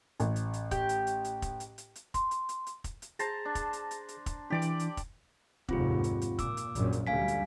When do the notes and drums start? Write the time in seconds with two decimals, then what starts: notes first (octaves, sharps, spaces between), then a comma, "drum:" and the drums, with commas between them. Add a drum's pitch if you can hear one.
0.20 A1, drum: hi-hat
0.36 drum: hi-hat
0.54 drum: hi-hat
0.71 G4, drum: kick, hi-hat
0.89 drum: hi-hat
1.07 drum: hi-hat
1.25 drum: hi-hat
1.42 drum: kick, hi-hat
1.60 drum: hi-hat
1.78 drum: hi-hat
1.96 drum: hi-hat
2.14 C6, drum: kick, hi-hat
2.31 drum: hi-hat
2.49 drum: hi-hat
2.67 drum: hi-hat
2.84 drum: kick, hi-hat
3.02 drum: hi-hat
3.19 G#4 C5 A5 A#5, drum: hi-hat
3.45 D4
3.55 drum: kick, hi-hat
3.73 drum: hi-hat
3.91 drum: hi-hat
4.09 drum: hi-hat
4.26 drum: kick, hi-hat
4.50 E3 D4 G4 D5 D6
4.62 drum: hi-hat
4.80 drum: hi-hat
4.97 drum: kick, hi-hat
5.69 F1 D#2 G#2 C4 F4 G4, drum: kick
6.04 drum: hi-hat
6.22 drum: hi-hat
6.39 A#2 D6 E6, drum: kick, hi-hat
6.57 drum: hi-hat
6.75 A#1 F#2 A#2, drum: hi-hat
6.93 drum: hi-hat
7.07 D2 G3 F5 G#5 B6
7.28 drum: hi-hat